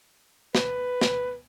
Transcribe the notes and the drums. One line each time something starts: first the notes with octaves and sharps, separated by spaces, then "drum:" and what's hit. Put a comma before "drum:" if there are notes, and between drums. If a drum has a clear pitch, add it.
B4, drum: snare
drum: snare